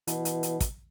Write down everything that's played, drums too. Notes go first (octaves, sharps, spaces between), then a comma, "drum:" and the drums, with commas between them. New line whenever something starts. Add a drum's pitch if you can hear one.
B2 E3, drum: hi-hat
drum: hi-hat
drum: hi-hat
drum: kick, hi-hat